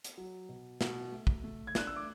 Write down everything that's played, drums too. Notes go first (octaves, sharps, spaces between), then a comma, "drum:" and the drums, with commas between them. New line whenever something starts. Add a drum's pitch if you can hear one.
drum: hi-hat
F#3
B2
B2, drum: snare
A3
drum: kick
A3
G#6
D4 F#6, drum: snare
E6
D6